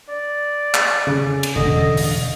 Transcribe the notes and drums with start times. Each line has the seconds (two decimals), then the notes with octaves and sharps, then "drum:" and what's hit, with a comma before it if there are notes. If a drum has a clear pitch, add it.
0.09 D5
0.75 drum: clap
1.07 C#3
1.43 drum: cymbal
1.56 E1 A2 D3 D#5
1.97 drum: open hi-hat